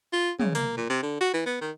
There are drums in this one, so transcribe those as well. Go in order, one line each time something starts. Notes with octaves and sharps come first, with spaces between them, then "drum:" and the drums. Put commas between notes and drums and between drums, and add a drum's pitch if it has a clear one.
F4
C#3, drum: tom
A#3, drum: hi-hat
A#2
C3
D3
F#4
E3
B3
D#3